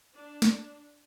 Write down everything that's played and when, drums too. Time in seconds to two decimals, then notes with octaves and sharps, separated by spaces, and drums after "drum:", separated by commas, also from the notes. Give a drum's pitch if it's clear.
0.15 D4
0.42 drum: snare